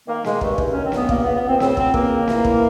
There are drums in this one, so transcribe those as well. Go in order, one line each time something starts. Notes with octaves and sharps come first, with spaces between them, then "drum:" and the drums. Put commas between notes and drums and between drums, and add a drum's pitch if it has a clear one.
D#3 A#3
D#3 G#3, drum: snare
G2 A3, drum: kick
D#3, drum: kick
F#3 C#4
C4
G2 B3, drum: snare
C#2 A#3, drum: kick
C#2 B3
B3
C#2 C4
C#3 C4, drum: snare
C#2 C4, drum: kick
C#2 A#3, drum: kick
C#2
E3, drum: snare
E3, drum: kick